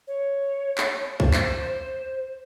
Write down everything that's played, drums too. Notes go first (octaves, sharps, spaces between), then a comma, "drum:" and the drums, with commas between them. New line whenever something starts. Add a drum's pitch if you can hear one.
C#5
drum: clap
C5, drum: kick
drum: clap